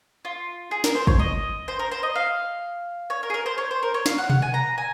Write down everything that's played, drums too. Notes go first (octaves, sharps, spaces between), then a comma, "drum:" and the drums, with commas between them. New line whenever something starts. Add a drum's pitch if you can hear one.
F4
G#4
A#4, drum: snare
C5
C#5, drum: kick
D#5
C5
A#4
C5
D#5
F5
C#5
A#4
G#4
A#4
C5
C#5
C5
A#4
C#5
F5, drum: snare
F#5
F#5, drum: tom B2
G#5
A#5
G#5